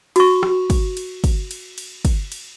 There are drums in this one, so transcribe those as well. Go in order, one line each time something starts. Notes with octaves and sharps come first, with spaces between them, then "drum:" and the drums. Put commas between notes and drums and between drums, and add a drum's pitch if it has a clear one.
F#4 C#6, drum: cymbal
drum: rim click
drum: kick, cymbal
drum: cymbal
drum: kick, cymbal
drum: cymbal
drum: cymbal
drum: kick, cymbal
drum: cymbal